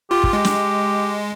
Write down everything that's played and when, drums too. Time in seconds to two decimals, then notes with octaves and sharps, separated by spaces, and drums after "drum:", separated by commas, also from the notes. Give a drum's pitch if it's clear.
0.10 F4 G4
0.24 drum: kick
0.33 G#3 G4
0.45 drum: snare